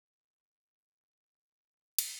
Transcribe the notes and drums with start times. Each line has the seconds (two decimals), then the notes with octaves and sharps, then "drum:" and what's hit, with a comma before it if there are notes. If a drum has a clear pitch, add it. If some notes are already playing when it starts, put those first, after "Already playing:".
0.23 A#3 B5
0.32 C#6
0.40 B5
0.47 C#4
0.70 E3
0.93 E3
1.17 A#3 B5
1.29 B5
1.40 C#4 C#6
1.52 B5
1.63 C#4 A#5
1.87 E3
1.99 drum: cymbal